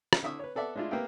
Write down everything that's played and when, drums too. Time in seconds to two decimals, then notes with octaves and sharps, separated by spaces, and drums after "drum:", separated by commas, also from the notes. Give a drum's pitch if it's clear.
0.13 drum: rim click
0.23 D3 E4 E5 C#6 D#6
0.39 B4 C#5
0.55 B3 A4 D5 E5 F#5
0.76 G#3 A3 D4 E4 F4
0.91 A#3 B3 G4 E5 F5 G5